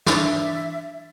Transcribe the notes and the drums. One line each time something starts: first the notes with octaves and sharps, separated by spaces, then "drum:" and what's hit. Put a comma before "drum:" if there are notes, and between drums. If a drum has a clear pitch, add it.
E3 D4 E5 A6, drum: snare